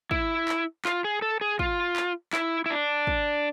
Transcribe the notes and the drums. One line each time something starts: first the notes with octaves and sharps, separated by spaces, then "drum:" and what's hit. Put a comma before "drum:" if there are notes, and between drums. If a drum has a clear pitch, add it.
E4, drum: kick
drum: clap
F4, drum: clap
G#4
A4
G#4
F4, drum: kick
drum: clap
E4, drum: clap
E4
D4
drum: kick